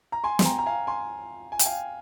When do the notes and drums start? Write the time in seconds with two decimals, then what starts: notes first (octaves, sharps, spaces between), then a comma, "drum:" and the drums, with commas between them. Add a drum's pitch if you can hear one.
0.12 A#5
0.24 G#5 C6
0.39 C6, drum: snare
0.45 G5 A#5
0.58 A#5
0.66 F5 G#5
0.87 G#5 C6
1.52 G#5
1.59 G5, drum: hi-hat
1.65 F5 G#5